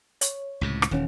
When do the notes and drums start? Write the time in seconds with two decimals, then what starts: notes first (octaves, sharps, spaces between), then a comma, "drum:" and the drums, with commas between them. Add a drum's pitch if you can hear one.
0.21 C#5, drum: hi-hat
0.61 C#2 A2 C3
0.82 drum: rim click
0.91 D#1 D#3 E3 C#4